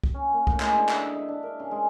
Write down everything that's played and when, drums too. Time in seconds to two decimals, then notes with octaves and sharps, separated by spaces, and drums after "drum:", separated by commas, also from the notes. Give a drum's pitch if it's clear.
0.03 drum: kick C2
0.14 C#4
0.33 A#3
0.47 A2, drum: kick C2
0.60 G#3, drum: clap
0.77 D3
0.89 E5, drum: clap
1.02 D#4
1.16 E5
1.28 D4
1.43 A#4
1.60 C#3
1.71 G#3